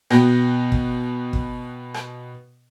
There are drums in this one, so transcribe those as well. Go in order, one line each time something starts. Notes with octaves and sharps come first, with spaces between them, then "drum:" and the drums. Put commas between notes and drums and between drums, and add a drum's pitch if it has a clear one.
B2 B3 F#5 G5 A#6, drum: rim click
drum: kick
drum: kick
drum: rim click